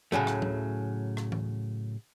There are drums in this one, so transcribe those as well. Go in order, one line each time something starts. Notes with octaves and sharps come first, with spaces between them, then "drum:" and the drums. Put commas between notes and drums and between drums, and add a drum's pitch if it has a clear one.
A2 C#3 F#3 A3
drum: rim click
drum: tom F#3
drum: rim click
drum: tom E3